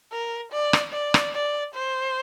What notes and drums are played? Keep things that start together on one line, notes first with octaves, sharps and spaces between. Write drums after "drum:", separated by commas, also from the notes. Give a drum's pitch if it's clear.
A#4
D5
drum: rim click
D5
drum: rim click
D5
C5